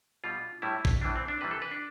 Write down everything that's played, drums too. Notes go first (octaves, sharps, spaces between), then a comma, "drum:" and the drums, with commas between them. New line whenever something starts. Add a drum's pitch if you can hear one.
B2 G3 F4
A2 G3 E4
drum: kick A1
A2 E3 G3 D4
C4
D4
C3 E3 G3 B4
A4
B4
D4